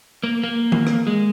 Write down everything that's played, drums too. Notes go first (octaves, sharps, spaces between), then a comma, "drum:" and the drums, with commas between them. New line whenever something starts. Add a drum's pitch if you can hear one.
A#3
A#3
drum: tom D#3
drum: rim click
G#3